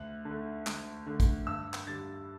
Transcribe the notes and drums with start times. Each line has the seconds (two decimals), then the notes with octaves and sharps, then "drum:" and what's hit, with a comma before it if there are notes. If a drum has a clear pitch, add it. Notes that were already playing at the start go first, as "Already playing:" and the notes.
Already playing: D2 F#6
0.25 D3
0.30 A3
0.67 D2, drum: clap
1.07 D3 A3
1.20 drum: kick, hi-hat
1.47 G2 E6
1.74 drum: clap
1.87 D3 G3 A6